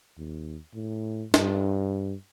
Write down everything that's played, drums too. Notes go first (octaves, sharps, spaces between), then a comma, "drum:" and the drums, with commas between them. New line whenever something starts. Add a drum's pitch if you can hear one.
D#2
A2
G2, drum: snare